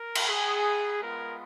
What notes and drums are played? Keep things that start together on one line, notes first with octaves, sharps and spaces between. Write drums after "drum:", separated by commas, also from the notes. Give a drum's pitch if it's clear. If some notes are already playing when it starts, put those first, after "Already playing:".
Already playing: A#4
drum: cymbal
G#4
G#3 B3 F4 A#4